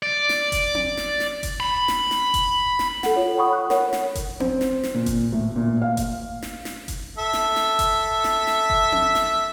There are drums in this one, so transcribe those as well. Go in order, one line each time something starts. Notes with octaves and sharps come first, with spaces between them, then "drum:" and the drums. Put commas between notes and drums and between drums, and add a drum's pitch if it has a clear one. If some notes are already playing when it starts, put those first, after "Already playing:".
D5
drum: snare
drum: kick F#1, hi-hat
drum: tom C4
drum: snare
drum: snare
drum: kick F#1, hi-hat
B5
drum: snare
drum: snare
drum: kick F#1, hi-hat
drum: snare
A4 F#5, drum: snare
F4 C#5
F#5 G5 B5 C#6 D#6
F#6
A#4 C#5 F#5, drum: snare
drum: snare
drum: kick F#1, hi-hat
C4, drum: tom C4
drum: snare
drum: snare
A#2
drum: kick F#1, hi-hat
A2
A#2
F5
drum: kick F#1, hi-hat
drum: snare
drum: snare
drum: kick F#1, hi-hat
A4 E5
drum: snare
drum: snare
drum: kick F#1, hi-hat
drum: snare
drum: snare
drum: kick F#1
drum: tom C4
drum: snare